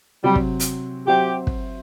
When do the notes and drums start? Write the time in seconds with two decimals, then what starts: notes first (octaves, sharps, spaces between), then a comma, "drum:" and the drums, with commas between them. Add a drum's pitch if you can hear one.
0.23 C3 F#3 G3 C4
0.36 drum: kick
0.60 drum: hi-hat
1.07 F#3 C4 F#4 G4 C5 E5
1.47 drum: kick